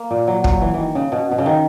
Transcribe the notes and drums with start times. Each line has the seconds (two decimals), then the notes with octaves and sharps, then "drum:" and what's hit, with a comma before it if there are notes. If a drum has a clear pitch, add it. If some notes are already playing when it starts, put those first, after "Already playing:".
Already playing: A#3
0.11 A#2
0.27 F#3
0.44 F#3, drum: kick
0.61 E3
0.74 D#3 E3
0.95 C#3
1.12 B2
1.31 B2
1.38 C#3
1.46 D#3